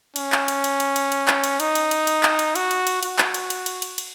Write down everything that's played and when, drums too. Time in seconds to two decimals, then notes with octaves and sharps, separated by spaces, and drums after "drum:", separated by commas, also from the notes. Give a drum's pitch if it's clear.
0.16 C#4, drum: cymbal
0.32 drum: clap
0.48 drum: cymbal
0.64 drum: cymbal
0.80 drum: cymbal
0.96 drum: cymbal
1.12 drum: cymbal
1.28 drum: clap
1.44 drum: cymbal
1.60 D#4, drum: cymbal
1.75 drum: cymbal
1.91 drum: cymbal
2.07 drum: cymbal
2.23 drum: clap
2.39 drum: cymbal
2.55 F#4, drum: cymbal
2.71 drum: cymbal
2.87 drum: cymbal
3.03 F#4, drum: cymbal
3.18 drum: clap
3.34 drum: cymbal
3.50 drum: cymbal
3.66 drum: cymbal
3.82 drum: cymbal
3.98 drum: cymbal